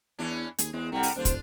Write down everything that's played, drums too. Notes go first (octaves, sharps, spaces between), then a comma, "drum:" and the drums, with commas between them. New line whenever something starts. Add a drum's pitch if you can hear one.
E2 E3 C#4 D4
D#2 G#4, drum: hi-hat
E2 G#3 C4
C2 G3 A3 F#5 G5 A#5
drum: open hi-hat
D#1 D4 F4 C5
drum: kick, hi-hat